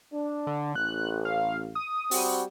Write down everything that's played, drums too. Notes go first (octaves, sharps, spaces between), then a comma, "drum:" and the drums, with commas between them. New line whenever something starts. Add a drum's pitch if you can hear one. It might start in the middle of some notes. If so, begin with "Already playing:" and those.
D4
D3
A1 F#6
F5
D#6
G3 C4 F#4, drum: open hi-hat